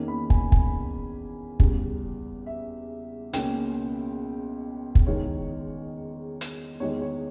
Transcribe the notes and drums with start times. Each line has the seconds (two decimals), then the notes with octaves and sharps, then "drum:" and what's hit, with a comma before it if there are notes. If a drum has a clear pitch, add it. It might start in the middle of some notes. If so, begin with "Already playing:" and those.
Already playing: E2 D#3 A#3 C#4
0.08 B5
0.30 G#5, drum: kick
0.52 G#5, drum: kick
1.60 E2 C#3 G3, drum: kick
2.46 E5
3.33 C#2 B2 A#3 C#4 G5, drum: hi-hat
4.95 drum: kick
5.07 E2 D#3 G#3 C#5
6.41 drum: hi-hat
6.80 E2 D#3 G#3 C#5
7.02 C#5